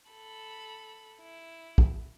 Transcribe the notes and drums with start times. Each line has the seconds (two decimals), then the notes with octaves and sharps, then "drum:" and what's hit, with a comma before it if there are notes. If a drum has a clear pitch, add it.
0.10 A4 B5
1.21 E4
1.78 drum: kick